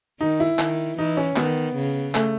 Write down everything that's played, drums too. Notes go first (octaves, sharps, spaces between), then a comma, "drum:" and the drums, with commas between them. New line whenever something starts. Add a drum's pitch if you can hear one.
D#3 D#4
E4
D#3, drum: clap
E3 D#4
C#4
D#3 B3, drum: clap
C#3
A3, drum: clap